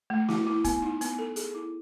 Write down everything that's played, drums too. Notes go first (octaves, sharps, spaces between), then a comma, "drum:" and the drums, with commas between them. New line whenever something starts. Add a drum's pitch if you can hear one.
A3
E4, drum: snare
E4
B3, drum: kick, hi-hat
D#4
B3, drum: hi-hat
A4
G#4, drum: hi-hat
E4